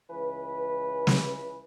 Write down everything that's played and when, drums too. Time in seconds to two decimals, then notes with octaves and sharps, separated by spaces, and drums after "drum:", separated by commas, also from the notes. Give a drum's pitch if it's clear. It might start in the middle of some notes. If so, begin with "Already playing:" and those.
0.11 C#2 E3 B4
1.07 drum: snare